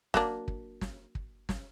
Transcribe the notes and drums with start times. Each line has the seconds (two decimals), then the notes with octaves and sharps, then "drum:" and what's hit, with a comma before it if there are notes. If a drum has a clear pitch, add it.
0.14 F#3 A#3 D4, drum: snare
0.48 drum: kick
0.81 drum: snare
1.15 drum: kick
1.49 drum: snare